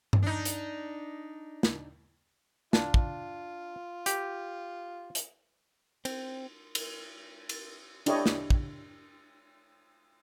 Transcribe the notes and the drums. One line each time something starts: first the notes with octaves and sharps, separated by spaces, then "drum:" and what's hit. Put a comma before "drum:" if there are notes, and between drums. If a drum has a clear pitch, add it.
drum: tom G2
D4 D#4
drum: hi-hat
drum: snare
D4 F4, drum: snare
drum: kick
G4, drum: hi-hat
drum: hi-hat
C4, drum: cymbal
drum: cymbal
drum: cymbal
D4 E4 G4 A4 C#5 D#5, drum: cymbal
drum: snare
drum: kick